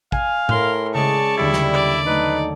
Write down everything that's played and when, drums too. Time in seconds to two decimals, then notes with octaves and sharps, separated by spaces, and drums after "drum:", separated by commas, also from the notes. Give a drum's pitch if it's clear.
0.12 F5 G#5, drum: kick
0.49 A2 A#4 C6 F6, drum: tom A2
0.94 C#3 G#3 D5 A5 C#6
1.37 D#2 D3 G3 E4 A6
1.53 drum: snare
1.73 D5
2.07 F#3 A3 D#4 B4